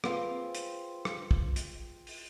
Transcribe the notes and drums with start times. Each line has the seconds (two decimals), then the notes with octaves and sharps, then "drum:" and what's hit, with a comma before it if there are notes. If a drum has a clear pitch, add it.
0.04 C4 F4 G#4 B4 C5 F5, drum: rim click
0.55 drum: hi-hat
1.05 drum: rim click
1.31 drum: kick
1.56 drum: hi-hat
2.07 drum: open hi-hat